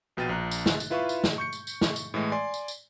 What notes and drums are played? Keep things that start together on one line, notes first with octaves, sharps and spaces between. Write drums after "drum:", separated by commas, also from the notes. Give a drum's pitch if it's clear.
A#1 B2 G5 A6 D#7
A#1 A#5 F#6
drum: tambourine
drum: snare
drum: tambourine
E4 F4 B4 E5 F5 C#6
drum: tambourine
drum: snare
C#6 G6 C#7
drum: tambourine
drum: tambourine
drum: snare
drum: tambourine
A2 E3 G#3 A3
D5 G#5 C6
drum: tambourine
drum: tambourine